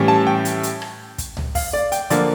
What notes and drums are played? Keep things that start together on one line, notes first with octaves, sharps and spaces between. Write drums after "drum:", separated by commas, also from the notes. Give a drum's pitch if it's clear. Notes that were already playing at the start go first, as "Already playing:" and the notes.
Already playing: A2 E3 G3 C#4
A5
G5
drum: hi-hat
drum: hi-hat
drum: rim click
drum: kick, hi-hat
drum: tom C#2
F5, drum: kick, open hi-hat
D5
G5, drum: hi-hat
D3 F3 A#3 D5, drum: hi-hat